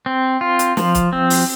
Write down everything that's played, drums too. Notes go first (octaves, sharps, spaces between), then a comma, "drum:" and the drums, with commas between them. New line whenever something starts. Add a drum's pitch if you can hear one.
C4
F4
drum: hi-hat
F3, drum: snare
drum: kick, hi-hat
C4
drum: open hi-hat